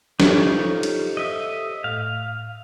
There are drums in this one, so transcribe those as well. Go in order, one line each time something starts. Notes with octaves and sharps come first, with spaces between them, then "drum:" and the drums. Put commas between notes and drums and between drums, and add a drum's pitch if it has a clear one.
D#4 F4 G4 A4 C5 C#5, drum: snare
drum: cymbal
D#5 E5
A2 F5